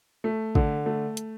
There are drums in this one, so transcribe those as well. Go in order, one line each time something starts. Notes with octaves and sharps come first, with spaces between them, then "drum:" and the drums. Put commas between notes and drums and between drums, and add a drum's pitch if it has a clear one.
A3
D3, drum: kick
A3
drum: hi-hat